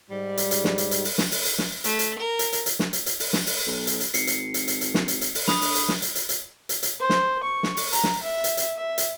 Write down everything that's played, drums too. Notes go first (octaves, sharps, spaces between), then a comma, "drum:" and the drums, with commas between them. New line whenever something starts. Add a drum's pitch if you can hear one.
G#2 G3
drum: hi-hat
drum: hi-hat
drum: snare
drum: hi-hat
drum: hi-hat
drum: open hi-hat
drum: snare
drum: open hi-hat
drum: hi-hat
drum: snare
A3, drum: hi-hat
drum: hi-hat
A#4
drum: hi-hat
drum: hi-hat
drum: hi-hat
drum: snare
drum: hi-hat
drum: hi-hat
drum: open hi-hat
drum: snare
drum: open hi-hat
B1
drum: hi-hat
drum: hi-hat
G#1 C7 C#7, drum: hi-hat
drum: hi-hat
drum: hi-hat
drum: hi-hat
drum: hi-hat
drum: snare
drum: hi-hat
drum: hi-hat
drum: open hi-hat
D3 B5 D#6, drum: snare
drum: open hi-hat
drum: hi-hat
drum: snare
drum: hi-hat
drum: hi-hat
drum: hi-hat
drum: hi-hat
drum: hi-hat
C5
drum: snare
C#6
drum: snare
drum: open hi-hat
A#5, drum: hi-hat
drum: snare
E5
drum: hi-hat
drum: hi-hat
E5
drum: hi-hat